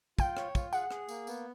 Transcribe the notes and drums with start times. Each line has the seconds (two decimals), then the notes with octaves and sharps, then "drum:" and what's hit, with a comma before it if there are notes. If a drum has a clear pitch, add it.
0.19 F4 G5, drum: kick, tambourine
0.37 C#5, drum: rim click
0.55 F4, drum: kick, tambourine
0.73 G#4 F#5, drum: tambourine
0.91 G#4, drum: rim click
1.09 A#3, drum: tambourine
1.27 B3, drum: tambourine